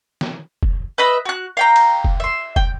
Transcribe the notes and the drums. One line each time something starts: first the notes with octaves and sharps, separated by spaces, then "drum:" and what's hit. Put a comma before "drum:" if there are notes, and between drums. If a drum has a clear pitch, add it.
drum: snare
drum: kick
B4 D#5 E5 B5
F#4 F#6
F5 G5 A#5
drum: cymbal
drum: kick
E5 C6
G5, drum: kick